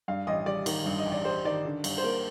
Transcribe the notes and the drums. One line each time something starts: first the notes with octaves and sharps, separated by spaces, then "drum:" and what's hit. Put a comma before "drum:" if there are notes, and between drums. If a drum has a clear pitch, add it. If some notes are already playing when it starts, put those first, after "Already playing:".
G2 F5
A1 D#5
G3 D5
D#3, drum: cymbal
G2
D#5
A1
D5
G3 C5
D#3 D5
D3
G2, drum: cymbal
C5
A#3 A#4